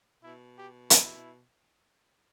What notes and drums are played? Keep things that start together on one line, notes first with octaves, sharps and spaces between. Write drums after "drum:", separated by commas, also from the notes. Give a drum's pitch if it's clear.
B2 E4
G4
E4, drum: hi-hat